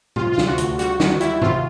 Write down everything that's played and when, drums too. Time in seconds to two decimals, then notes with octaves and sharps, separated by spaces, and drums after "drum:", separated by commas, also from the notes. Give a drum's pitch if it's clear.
0.16 C3 F4, drum: tom
0.32 F4
0.38 D2, drum: snare
0.47 F#4
0.58 D2, drum: hi-hat
0.79 G3 F#4, drum: hi-hat
1.00 D#3 F#4, drum: snare
1.20 G3 E4, drum: hi-hat
1.42 C3 F4, drum: tom G#2